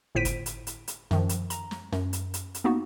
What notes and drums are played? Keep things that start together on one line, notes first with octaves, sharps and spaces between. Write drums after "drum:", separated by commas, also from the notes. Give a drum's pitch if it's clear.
G1 A2 C5 B6 D7 D#7
drum: kick, hi-hat
drum: hi-hat
drum: hi-hat
drum: hi-hat
F#2 D#3 F3, drum: snare
drum: hi-hat
A#5, drum: hi-hat
drum: snare
F#2, drum: snare
drum: hi-hat
drum: hi-hat
drum: hi-hat
A#3 B3 D#4 F#4